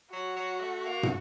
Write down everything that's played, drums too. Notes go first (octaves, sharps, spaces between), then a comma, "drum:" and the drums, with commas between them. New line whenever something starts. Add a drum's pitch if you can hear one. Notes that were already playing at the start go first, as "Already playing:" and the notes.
F#3 F#4
F#3
A3
A#3
drum: tom